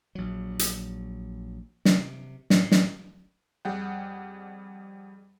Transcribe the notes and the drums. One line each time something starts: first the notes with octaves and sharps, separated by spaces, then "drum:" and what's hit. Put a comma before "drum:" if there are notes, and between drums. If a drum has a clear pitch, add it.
A#1 F#3
drum: hi-hat
C3, drum: snare
A2, drum: snare
drum: snare
F2 G3 G#4 F#5 G5